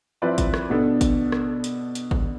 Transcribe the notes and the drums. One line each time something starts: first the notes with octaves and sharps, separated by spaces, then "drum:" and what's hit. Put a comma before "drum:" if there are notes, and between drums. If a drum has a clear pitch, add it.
F3 C4 E4 B4 D5
drum: kick G#1, hi-hat
drum: rim click
B2 B3 D4 A4
drum: kick G#1, hi-hat
drum: rim click
drum: hi-hat
drum: hi-hat
drum: kick G#1